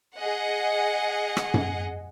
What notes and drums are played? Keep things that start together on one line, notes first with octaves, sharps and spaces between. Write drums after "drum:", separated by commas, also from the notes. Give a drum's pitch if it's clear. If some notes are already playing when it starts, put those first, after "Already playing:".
G#4 D#5 F#5
drum: rim click
drum: tom F#2